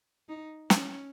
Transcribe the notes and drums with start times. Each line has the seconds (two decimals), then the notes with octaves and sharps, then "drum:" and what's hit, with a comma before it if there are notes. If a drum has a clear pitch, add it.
0.29 D#4
0.70 C#4, drum: snare